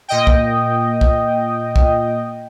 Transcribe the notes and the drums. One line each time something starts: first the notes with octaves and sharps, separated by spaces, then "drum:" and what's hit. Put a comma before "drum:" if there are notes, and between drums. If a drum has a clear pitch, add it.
A#2 D#5 G5
drum: kick
drum: kick
drum: kick